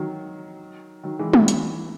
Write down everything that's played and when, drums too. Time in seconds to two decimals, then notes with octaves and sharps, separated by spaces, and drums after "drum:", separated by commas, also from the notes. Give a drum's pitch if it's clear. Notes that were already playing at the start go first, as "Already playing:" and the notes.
Already playing: D#3 F#3
1.03 D#3 F#3
1.19 E3 G#3
1.33 D#3 F#3, drum: tom
1.48 E3, drum: hi-hat